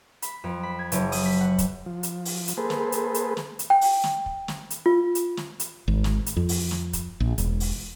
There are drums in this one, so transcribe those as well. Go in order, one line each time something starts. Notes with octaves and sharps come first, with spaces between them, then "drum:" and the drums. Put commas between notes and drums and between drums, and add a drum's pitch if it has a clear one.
B5, drum: hi-hat
F2
B5
G#6
F#1, drum: hi-hat
D#6, drum: open hi-hat
B6
F#5
drum: kick, hi-hat
F3
drum: hi-hat
drum: open hi-hat
drum: hi-hat
A#3 G#4 A4 B4 C5
drum: snare
drum: hi-hat
drum: hi-hat
drum: snare
drum: hi-hat
G5
drum: open hi-hat
drum: snare
drum: kick
drum: snare
drum: hi-hat
F4
drum: hi-hat
drum: snare
drum: hi-hat
G#1
drum: snare
drum: hi-hat
F2
drum: open hi-hat
drum: snare
drum: kick, hi-hat
A#1
E1, drum: hi-hat
drum: open hi-hat